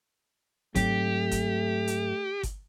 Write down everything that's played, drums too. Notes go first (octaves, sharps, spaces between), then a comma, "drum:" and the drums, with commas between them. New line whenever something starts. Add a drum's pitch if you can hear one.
G#2 F#3 A3 C4 G4, drum: kick G1, hi-hat
drum: kick G1, hi-hat
drum: hi-hat
drum: kick G1, hi-hat